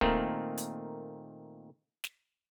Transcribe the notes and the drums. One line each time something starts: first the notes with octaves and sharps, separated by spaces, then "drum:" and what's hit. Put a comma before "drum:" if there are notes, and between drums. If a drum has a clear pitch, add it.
A#2 D#3 A3 A#3 C4, drum: kick
drum: hi-hat
drum: snare